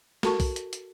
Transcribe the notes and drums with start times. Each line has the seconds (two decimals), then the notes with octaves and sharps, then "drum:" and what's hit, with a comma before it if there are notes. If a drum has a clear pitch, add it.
0.23 F#4 A4 A#4 A5 C#6, drum: snare
0.40 drum: kick, open hi-hat
0.56 drum: hi-hat
0.73 drum: hi-hat